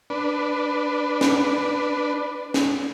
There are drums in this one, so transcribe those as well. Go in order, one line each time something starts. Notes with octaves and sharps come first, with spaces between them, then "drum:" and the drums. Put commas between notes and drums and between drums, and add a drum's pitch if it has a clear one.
D4 B4
drum: snare C#4
drum: snare C#4